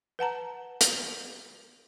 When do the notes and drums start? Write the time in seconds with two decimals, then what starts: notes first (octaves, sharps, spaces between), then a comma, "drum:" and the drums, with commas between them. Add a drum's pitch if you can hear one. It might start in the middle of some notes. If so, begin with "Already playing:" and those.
0.19 B4 F#5 A5 A#5
0.81 drum: hi-hat